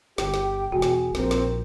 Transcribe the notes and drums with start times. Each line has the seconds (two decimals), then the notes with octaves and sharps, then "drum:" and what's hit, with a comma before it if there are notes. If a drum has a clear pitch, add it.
0.18 G1 G4 G5, drum: snare
0.34 drum: snare
0.72 E1 F#4 G#4
0.82 drum: snare
1.15 A#1 C4 A#4, drum: snare
1.31 drum: snare